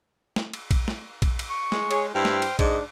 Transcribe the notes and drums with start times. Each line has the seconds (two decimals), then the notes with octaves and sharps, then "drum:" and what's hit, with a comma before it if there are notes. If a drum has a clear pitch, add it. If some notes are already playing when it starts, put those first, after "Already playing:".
0.36 drum: snare
0.53 drum: cymbal
0.71 drum: kick A#1, cymbal
0.88 drum: snare
1.22 drum: kick A#1, cymbal
1.39 drum: cymbal
1.50 C#6
1.72 G#3, drum: snare
1.91 G#4 C#5, drum: cymbal
2.15 G2 E4 C5 G5 F6
2.25 drum: snare
2.42 drum: cymbal
2.59 G#2 D4 D#5, drum: kick A#1, cymbal